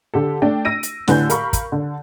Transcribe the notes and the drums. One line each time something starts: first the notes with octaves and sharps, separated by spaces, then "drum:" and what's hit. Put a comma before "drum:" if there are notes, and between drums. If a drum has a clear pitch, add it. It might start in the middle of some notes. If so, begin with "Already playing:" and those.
D3 G4 A4
A3 D4 G5
E6 A#6 D7 D#7
drum: hi-hat
A2 D3 B4 G#5 G6, drum: snare
A#4 F5 B5 C#6, drum: hi-hat
drum: kick, hi-hat
D3